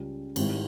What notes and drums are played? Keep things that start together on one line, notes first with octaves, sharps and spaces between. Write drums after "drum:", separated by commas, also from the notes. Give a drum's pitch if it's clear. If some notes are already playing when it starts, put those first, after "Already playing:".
Already playing: C#2 C#3 G3
G#1 G#2 G3 C4 E4, drum: cymbal